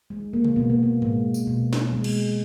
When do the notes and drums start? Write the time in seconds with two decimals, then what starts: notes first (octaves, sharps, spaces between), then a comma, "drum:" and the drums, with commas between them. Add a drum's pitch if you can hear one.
0.10 G#3
0.33 A#3
0.45 drum: tom C3
0.56 B2 B3
0.70 A#3
0.83 B3
1.02 G#3, drum: tom G#2
1.34 drum: tambourine
1.47 B2
1.73 drum: snare
1.93 G#3
2.04 drum: cymbal